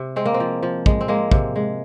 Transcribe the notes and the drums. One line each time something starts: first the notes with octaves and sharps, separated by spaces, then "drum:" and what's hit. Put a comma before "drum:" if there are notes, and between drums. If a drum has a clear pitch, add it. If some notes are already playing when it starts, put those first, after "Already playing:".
Already playing: C3
G#3 C4
A#3
C4
F3
F3
G#3, drum: kick
C4
G#3 A#3
C3, drum: kick
G#3